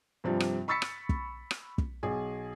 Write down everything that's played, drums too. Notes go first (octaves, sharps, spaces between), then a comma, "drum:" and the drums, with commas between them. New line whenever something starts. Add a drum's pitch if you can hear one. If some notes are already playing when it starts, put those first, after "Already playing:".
G2 C3 F3 G3
drum: rim click
B5 C#6 E6 A6 B6 C#7
drum: rim click
drum: kick
drum: rim click
drum: kick
B1 G#4